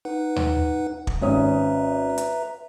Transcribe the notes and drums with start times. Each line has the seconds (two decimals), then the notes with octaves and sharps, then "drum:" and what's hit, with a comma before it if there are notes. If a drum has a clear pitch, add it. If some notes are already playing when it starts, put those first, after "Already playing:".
0.05 D#4 B4 F#5
0.36 drum: tom D#2
1.07 drum: kick
1.21 G#1 C#4 B4 E5 A#5 D#6
2.18 drum: hi-hat